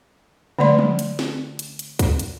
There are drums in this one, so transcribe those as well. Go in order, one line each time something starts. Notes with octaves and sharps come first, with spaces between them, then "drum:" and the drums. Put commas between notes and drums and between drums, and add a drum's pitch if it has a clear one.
D3 A3 D5 C6, drum: tom
drum: tom
drum: hi-hat
drum: snare
drum: hi-hat
drum: hi-hat
drum: kick, hi-hat
drum: hi-hat